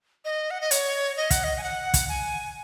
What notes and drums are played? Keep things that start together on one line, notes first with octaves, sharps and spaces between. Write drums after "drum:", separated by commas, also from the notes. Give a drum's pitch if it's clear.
D#5
F#5
D#5
C#5, drum: hi-hat
D#5
F#5, drum: kick, hi-hat
D#5
G#5
F#5
drum: kick, hi-hat
G#5